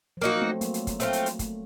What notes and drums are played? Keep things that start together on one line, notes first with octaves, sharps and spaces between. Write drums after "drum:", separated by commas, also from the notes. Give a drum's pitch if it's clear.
F3
F#3 A#3 D#4 F#4
A3 C4
F#3 A#3, drum: hi-hat
drum: hi-hat
drum: kick, hi-hat
A3 C4 F4, drum: hi-hat
drum: hi-hat
drum: hi-hat
A3, drum: kick, hi-hat